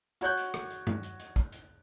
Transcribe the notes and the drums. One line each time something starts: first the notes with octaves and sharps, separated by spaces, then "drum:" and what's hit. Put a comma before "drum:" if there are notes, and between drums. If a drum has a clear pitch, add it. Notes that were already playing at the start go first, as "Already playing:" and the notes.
F#4 C#5 F#6 G6, drum: hi-hat
drum: hi-hat
drum: rim click
drum: hi-hat
drum: tom G2
drum: hi-hat
drum: hi-hat
drum: kick, hi-hat
drum: hi-hat